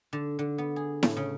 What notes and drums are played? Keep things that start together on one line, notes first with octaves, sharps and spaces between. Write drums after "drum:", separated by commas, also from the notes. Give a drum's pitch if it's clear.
D3
D3
B3
G#4
A2, drum: snare E4
C#3